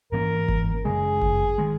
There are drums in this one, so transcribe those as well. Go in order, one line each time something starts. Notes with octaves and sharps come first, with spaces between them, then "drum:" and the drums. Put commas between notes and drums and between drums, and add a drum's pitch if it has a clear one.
G#2 E3 A#3 C#4 A#4
drum: kick G1
F#2 C#3 G#3 G#4
drum: kick G1
D#3 G#3